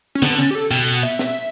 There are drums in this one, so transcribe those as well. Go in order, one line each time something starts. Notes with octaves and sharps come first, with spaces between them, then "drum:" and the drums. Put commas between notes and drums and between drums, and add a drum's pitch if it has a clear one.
C#4
D3 B3, drum: snare
C#4
G4
A4
B2 G5, drum: open hi-hat
F#5
E5
drum: snare